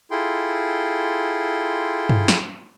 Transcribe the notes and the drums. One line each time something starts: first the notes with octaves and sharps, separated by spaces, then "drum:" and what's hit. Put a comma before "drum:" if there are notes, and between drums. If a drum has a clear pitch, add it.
E4 F4 G#4 A4 G5 C6
drum: tom G2
drum: snare